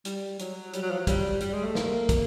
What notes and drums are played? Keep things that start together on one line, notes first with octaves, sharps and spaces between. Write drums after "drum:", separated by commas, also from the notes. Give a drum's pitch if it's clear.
G3, drum: hi-hat
F#3, drum: hi-hat
G3, drum: hi-hat
F#3
F3
F#3
G3, drum: kick, hi-hat
G3, drum: hi-hat
G#3
A3
A#3, drum: snare
drum: kick, hi-hat